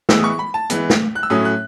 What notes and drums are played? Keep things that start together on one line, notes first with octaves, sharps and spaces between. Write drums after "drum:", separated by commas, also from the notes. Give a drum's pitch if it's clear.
E3 G#3 B3 E6, drum: snare
D#6
C#6
B5
A5
E3 G#3 B3, drum: hi-hat
drum: snare
F#6
E6
A2 F#3 A3 C#4 D#6
F#6